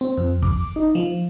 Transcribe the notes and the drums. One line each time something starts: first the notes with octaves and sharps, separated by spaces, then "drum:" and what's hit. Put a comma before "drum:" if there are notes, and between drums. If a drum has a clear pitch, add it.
C4
F2
D6, drum: kick
D#4
F3